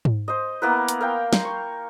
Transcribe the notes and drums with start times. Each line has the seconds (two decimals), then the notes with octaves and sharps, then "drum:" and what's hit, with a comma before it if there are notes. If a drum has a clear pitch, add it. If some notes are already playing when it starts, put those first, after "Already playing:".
0.05 drum: tom G#2
0.28 C5 D#5
0.62 A#3 B3 E4 B4
0.88 drum: hi-hat
1.01 A#4 F5 G5
1.33 C6, drum: snare
1.45 C#6